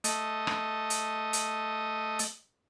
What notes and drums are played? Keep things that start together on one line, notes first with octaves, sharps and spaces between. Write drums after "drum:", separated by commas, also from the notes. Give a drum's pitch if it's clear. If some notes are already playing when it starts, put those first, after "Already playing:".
A3 D#5, drum: hi-hat
drum: rim click
drum: hi-hat
drum: hi-hat
drum: hi-hat